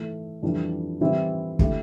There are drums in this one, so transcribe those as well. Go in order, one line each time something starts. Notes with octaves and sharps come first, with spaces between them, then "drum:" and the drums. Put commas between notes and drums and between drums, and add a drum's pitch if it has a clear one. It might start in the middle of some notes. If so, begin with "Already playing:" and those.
Already playing: E3 A3 E4
F2 E3 G3 D4
E3 G3 C4 E4 G4
D3 A3 E4 G4, drum: kick